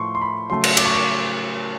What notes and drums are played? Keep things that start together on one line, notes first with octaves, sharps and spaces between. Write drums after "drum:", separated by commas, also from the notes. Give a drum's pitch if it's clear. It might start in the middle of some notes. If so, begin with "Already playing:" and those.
Already playing: A2 F3 A3 C6 C#6
C6
B5
C#3 F#3 A3 C6
drum: cymbal
D6, drum: cymbal
C#6
D6